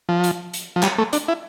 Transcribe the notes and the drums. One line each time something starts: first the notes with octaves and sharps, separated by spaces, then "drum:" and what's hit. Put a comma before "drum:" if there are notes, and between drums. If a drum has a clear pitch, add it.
F3
drum: hi-hat
drum: hi-hat
F3
G3, drum: clap
A3
D4, drum: hi-hat
E4